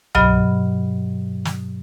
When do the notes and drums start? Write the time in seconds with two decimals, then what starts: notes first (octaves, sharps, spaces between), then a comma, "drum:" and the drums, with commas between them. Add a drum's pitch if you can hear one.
0.15 G2 B2 F#3 D#5 B5 F6, drum: tom C2
1.45 drum: snare